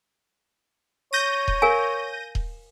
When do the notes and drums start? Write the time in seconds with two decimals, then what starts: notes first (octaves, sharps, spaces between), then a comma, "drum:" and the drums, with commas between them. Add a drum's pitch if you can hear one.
1.13 C#5 G6 A#6 D#7
1.48 drum: kick D#1
1.62 A#4 F5 G#5
2.35 drum: kick D#1